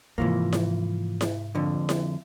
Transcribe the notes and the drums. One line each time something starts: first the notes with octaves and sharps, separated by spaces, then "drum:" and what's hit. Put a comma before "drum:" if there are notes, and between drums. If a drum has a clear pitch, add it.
G#2 C3 E3 F3 A#3
drum: snare E4
drum: snare E4
F2 D3
drum: snare E4